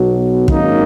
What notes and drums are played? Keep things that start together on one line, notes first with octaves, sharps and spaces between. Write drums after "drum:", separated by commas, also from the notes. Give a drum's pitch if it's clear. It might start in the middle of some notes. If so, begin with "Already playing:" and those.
Already playing: B1 B2 F#3
G#1 F#2 D#3 A#3 D#4, drum: kick